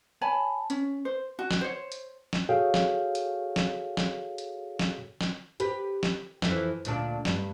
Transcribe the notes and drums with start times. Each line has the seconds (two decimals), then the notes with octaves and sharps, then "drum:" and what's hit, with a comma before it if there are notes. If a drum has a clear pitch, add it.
0.21 C#5 G#5 A5 B5
0.70 C#4, drum: hi-hat
1.05 C5
1.39 F#4
1.51 drum: snare
1.61 C5 C#5
1.92 drum: hi-hat
2.33 drum: snare
2.49 F#4 G#4 A4 C#5 F5 G5
2.74 drum: snare
3.15 drum: hi-hat
3.56 drum: snare
3.97 drum: snare
4.38 drum: hi-hat
4.79 drum: snare
5.21 drum: snare
5.60 G4 B4, drum: hi-hat
6.03 drum: snare
6.42 F2 E3, drum: snare
6.85 D2 A#2 D4, drum: hi-hat
7.25 G2, drum: snare